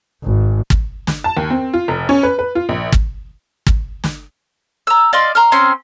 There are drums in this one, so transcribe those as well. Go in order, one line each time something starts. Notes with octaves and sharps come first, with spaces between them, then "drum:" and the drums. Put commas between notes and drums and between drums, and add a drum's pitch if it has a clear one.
G#1
drum: kick
drum: snare
A5
D#2
C4
F4
F1
C#4
B4
B4
F4
A#1
drum: kick
drum: kick
drum: snare
A#5 E6
D5 D#5 F5 C6
A#5 C6 F6
C4 C#4 A#5 C6